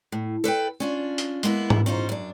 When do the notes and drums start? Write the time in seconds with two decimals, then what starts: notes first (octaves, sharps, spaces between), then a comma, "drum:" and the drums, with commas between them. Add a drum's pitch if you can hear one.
0.12 A2
0.44 A4 B4 C#5 G5
0.80 C#4 D4 F4
1.18 drum: hi-hat
1.43 G#3 A#3 B3 E4, drum: hi-hat
1.70 drum: tom G#2
1.86 C#4 D#4 F4 C5
2.09 F#2 D4